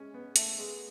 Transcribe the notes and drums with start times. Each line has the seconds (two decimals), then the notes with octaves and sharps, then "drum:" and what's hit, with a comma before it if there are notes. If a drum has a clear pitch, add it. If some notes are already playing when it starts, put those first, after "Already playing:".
Already playing: G#3 C#4
0.14 B3
0.36 A3, drum: hi-hat
0.58 G#3 B3